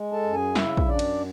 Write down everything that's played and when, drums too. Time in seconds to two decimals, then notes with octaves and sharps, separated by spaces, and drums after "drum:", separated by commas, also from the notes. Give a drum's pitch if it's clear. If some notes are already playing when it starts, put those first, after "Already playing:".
Already playing: G#3
0.12 A4 A5
0.23 F#2
0.33 G#4 G#5
0.55 C#3 E4 E5, drum: snare
0.77 drum: kick
0.88 F#2 D4 D5
0.99 drum: cymbal